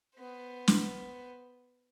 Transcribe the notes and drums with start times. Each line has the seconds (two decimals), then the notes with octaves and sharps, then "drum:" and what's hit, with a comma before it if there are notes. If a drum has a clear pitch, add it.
0.17 B3 C5
0.68 drum: snare